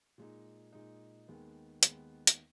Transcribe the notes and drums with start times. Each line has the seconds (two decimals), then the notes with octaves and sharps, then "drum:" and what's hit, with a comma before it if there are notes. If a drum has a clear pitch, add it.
0.18 A#2 G#3 D#4
0.73 A#2 G#3 D#4
1.28 D#2 D#3 G#3 B3
1.83 D#2 D#3 G#3 B3, drum: hi-hat
2.27 drum: hi-hat